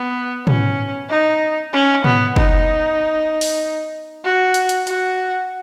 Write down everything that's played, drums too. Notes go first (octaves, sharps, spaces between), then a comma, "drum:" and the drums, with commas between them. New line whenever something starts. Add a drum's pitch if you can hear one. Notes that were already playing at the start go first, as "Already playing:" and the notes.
Already playing: B3
C#4, drum: tom
D#4
C#4
B3, drum: tom
D#4, drum: kick
drum: open hi-hat
F#4
drum: hi-hat
drum: hi-hat
F#4, drum: hi-hat